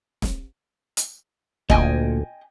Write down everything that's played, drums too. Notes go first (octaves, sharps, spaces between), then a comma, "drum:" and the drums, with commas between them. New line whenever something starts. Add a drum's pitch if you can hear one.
drum: snare
drum: hi-hat
D2 A#2 D#5 G5 G#5, drum: kick